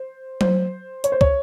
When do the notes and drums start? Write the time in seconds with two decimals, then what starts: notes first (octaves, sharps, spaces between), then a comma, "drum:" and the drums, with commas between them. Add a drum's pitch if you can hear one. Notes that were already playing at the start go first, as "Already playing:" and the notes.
Already playing: C5
0.41 C5, drum: tom F#3
1.04 C#5, drum: hi-hat
1.12 C5
1.21 C#5, drum: kick